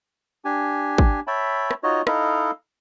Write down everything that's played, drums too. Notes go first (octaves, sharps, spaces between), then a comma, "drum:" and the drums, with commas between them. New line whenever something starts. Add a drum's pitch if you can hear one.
D4 G4 G#5
drum: kick
C#5 E5 G5 A5 B5
drum: rim click
D#4 F4 F#4 C#5 D#5
D#4 E4 A4 D#5 F5, drum: rim click